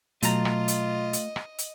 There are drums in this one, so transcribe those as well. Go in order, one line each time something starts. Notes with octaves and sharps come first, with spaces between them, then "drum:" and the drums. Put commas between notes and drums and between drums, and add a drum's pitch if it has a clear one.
B2 F#3 A3 F4 D#5 A#5 A6, drum: hi-hat
drum: rim click
drum: hi-hat
drum: hi-hat
drum: rim click
drum: hi-hat